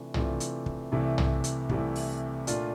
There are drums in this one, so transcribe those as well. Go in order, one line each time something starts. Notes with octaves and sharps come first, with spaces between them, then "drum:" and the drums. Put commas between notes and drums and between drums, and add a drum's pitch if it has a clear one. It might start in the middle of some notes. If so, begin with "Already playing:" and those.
Already playing: C3 E3 A3 D4 F4
C3 E3 A3 D4 F4, drum: tom
drum: hi-hat
drum: kick
C2 C3 E3 A3 E4
drum: tom
drum: hi-hat
C2 C3 E3 A3 E4, drum: kick
drum: open hi-hat
A#2 A3 D4 F4, drum: hi-hat